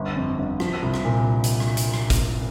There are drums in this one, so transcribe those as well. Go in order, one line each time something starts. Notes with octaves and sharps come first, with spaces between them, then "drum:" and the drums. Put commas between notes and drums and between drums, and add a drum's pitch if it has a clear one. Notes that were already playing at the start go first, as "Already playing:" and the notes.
Already playing: G1
F2
G1
F3, drum: rim click
C2
drum: rim click
A#2
drum: hi-hat
drum: rim click
drum: hi-hat
drum: rim click
drum: kick, hi-hat